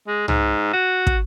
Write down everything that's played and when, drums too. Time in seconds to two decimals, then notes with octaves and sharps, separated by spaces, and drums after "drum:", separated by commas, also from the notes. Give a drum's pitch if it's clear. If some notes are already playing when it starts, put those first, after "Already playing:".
0.07 G#3
0.28 G#2, drum: tom C2
0.73 F#4
1.07 drum: kick